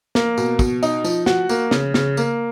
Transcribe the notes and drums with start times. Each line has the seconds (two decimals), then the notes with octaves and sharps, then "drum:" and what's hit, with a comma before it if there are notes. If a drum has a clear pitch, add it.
0.15 A#3, drum: snare
0.38 B2, drum: tambourine
0.59 B2, drum: kick, tambourine
0.83 D#4, drum: tambourine
1.04 F3, drum: tambourine
1.26 F#4, drum: snare
1.49 A#3, drum: tambourine
1.71 C#3, drum: snare
1.94 C#3, drum: snare
2.17 A#3, drum: tambourine